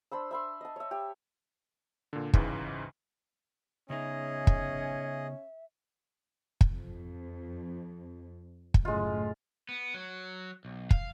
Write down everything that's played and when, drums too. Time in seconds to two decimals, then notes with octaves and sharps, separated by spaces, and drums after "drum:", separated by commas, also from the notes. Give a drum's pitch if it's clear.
0.12 D4 C5 B5 E6
0.31 E5 B5 C6
0.61 D#5 A5
0.76 C#5 E5
0.91 G4 E5
2.13 A#2 D3
2.33 C#2 G#2 C#3 E3, drum: kick
3.90 C#3 B3 C#4 D#4 G#4 D#5 E5
4.47 drum: kick
6.61 drum: kick
6.70 F2
8.74 drum: kick
8.85 F#2 A2 C#3 G#3 F4
9.69 B3
9.94 F#3
10.65 B1
10.91 F5, drum: kick